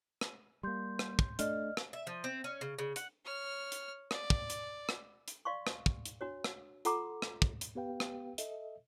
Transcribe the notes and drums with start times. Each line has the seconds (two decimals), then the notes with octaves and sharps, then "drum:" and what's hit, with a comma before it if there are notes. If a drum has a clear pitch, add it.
0.21 drum: rim click
0.63 G3 A#3 C6 G6
0.99 drum: rim click
1.19 drum: kick
1.39 A3 D4 D5 D#5 F6, drum: hi-hat
1.77 drum: rim click
1.93 E5
2.07 F3
2.24 C4
2.44 C#4
2.61 C#3
2.79 C#3
2.96 F#5, drum: hi-hat
3.25 C#5 F6
3.72 drum: hi-hat
4.11 D5, drum: rim click
4.30 drum: kick
4.50 drum: hi-hat
4.89 drum: rim click
5.28 drum: hi-hat
5.45 D5 F5 C6 C#6
5.67 drum: rim click
5.86 drum: kick
6.06 drum: hi-hat
6.21 D4 F#4 C#5
6.44 drum: rim click
6.85 F4 A4 F#5 A#5 C6 D6, drum: hi-hat
7.22 drum: rim click
7.42 drum: kick
7.61 drum: hi-hat
7.75 B3 G4 B4 F5 G5
8.00 drum: rim click
8.38 A4 D#5 E5, drum: hi-hat